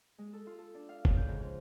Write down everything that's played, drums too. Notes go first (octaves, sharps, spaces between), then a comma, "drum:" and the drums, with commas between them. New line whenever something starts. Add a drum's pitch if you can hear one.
G#3
A4
F4
A4
D4
F5
C#3, drum: kick
G6
G#2
F3